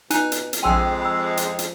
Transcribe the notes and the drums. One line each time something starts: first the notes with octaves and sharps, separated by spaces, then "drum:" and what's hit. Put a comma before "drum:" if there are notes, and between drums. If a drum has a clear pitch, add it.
B2 D#4 G#5 F#6, drum: hi-hat
drum: hi-hat
drum: hi-hat
A#1 F2 G#3 C4 G5 G#5 C6 E6
B5 E6
drum: hi-hat
drum: hi-hat